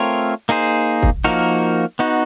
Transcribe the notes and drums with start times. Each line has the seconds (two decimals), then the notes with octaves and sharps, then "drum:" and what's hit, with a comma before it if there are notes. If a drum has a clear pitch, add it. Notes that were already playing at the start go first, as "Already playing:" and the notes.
Already playing: A3 C4 F4 A#4 C#5
0.49 A#3 D#4 G#4 C5
1.03 drum: kick
1.24 F3 A#3 D#4 F#4 A#4
1.99 B3 D#4 F#4